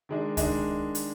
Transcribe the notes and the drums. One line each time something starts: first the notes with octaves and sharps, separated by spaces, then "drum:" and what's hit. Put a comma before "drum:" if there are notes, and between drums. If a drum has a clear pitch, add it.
D#3 G#3 D4
D#3 G#3 D4, drum: kick C#2, hi-hat
drum: hi-hat